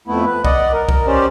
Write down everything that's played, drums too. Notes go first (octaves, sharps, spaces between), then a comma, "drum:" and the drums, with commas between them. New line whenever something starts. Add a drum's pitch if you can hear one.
F2 A3 B3 E4
B4
D5 D#5 F#5, drum: kick C2
A#4
drum: kick C2
C#4 G4 C5 D5